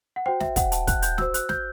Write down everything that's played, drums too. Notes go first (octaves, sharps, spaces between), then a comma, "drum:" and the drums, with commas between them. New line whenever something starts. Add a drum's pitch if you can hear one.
F#5
F#4 C5 G5
E5, drum: snare
F#5, drum: kick, hi-hat
A5, drum: hi-hat
F#6, drum: kick, hi-hat
G6, drum: hi-hat
F#4 C5 E6, drum: snare
F#6, drum: hi-hat
G6, drum: snare